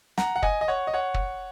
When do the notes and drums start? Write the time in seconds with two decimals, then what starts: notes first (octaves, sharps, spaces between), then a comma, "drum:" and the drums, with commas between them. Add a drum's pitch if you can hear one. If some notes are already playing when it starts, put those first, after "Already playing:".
0.18 F#5 A#5, drum: snare
0.36 F#5
0.43 D#5 G#5, drum: kick
0.61 D#5
0.68 C#5 F#5
0.87 D#5
0.93 C#5 F#5
1.14 drum: kick